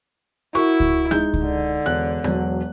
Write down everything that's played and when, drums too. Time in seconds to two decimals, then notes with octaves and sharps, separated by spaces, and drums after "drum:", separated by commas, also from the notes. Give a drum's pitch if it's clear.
0.55 E4 F#4 A#4 C#6, drum: hi-hat
0.80 drum: kick C#2
1.11 G#3 D#4 G6, drum: snare
1.34 drum: kick C#2
1.43 D3
1.86 E1 F#6
2.24 E1 F#3, drum: rim click